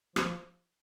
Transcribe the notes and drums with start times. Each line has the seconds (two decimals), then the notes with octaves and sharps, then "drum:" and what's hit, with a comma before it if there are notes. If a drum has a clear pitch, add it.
0.16 F3, drum: rim click